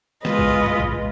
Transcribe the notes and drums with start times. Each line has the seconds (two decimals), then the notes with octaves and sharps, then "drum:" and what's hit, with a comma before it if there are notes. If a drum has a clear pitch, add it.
0.25 G#3 F4 B4 D#5, drum: snare
0.39 drum: kick
0.66 drum: tom G2
0.80 drum: kick